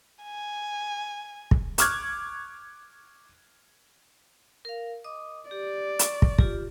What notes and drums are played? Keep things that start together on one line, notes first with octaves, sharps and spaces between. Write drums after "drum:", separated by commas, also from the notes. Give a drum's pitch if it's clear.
G#5
drum: kick
C#6 D6 F6 F#6 G#6, drum: hi-hat
A#4 F5
D#5 D6 D#6
G4 D5
C#6, drum: hi-hat
drum: kick
F4 G4, drum: kick